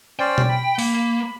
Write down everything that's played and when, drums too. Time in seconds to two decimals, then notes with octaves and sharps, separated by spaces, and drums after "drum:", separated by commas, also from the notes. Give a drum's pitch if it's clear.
0.20 C#4 C5 D5 G5
0.38 drum: tom B2
0.49 B5
0.79 A#3, drum: open hi-hat